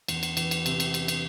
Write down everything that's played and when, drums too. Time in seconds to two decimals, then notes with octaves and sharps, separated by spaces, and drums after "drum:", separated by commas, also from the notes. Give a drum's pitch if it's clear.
0.08 E2, drum: cymbal
0.23 drum: cymbal
0.37 E3, drum: cymbal
0.51 drum: cymbal
0.66 C3, drum: cymbal
0.80 drum: cymbal
0.94 drum: cymbal
1.08 drum: cymbal